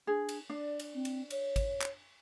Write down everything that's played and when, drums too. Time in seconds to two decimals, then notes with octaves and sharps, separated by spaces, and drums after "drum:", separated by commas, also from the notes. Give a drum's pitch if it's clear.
0.07 D4 G#4
0.29 drum: cymbal
0.50 D4 D5
0.80 drum: cymbal
0.94 C4
1.05 drum: cymbal
1.30 C#5, drum: cymbal
1.56 drum: kick G#1, cymbal
1.81 drum: clap